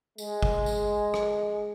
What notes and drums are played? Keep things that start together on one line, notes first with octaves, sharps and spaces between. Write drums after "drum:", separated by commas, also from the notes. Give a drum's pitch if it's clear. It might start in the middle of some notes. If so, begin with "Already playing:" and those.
G#3, drum: tambourine
drum: kick G1
drum: tambourine
drum: rim click